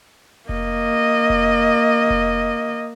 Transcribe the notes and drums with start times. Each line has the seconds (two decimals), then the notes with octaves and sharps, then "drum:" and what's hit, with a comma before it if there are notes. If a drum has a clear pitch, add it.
0.49 A#3 D#5, drum: kick F1
1.30 drum: kick F1
2.10 drum: kick F1